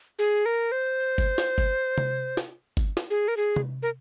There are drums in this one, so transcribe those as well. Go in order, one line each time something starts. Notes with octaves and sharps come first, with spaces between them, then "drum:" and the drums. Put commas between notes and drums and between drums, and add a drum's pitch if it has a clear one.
G#4
A#4
C5
drum: kick G1
drum: snare
drum: kick G1
drum: tom C3
drum: snare
drum: kick G1
drum: snare
G#4
A#4
G#4
drum: tom C3
A#4